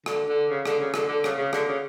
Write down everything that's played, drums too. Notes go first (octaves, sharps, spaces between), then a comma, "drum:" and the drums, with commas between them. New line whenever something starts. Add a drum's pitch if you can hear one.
D3, drum: rim click
D3
C#3
D3, drum: rim click
C#3
D3, drum: rim click
D3
C#3, drum: rim click
C#3
D3, drum: rim click
C#3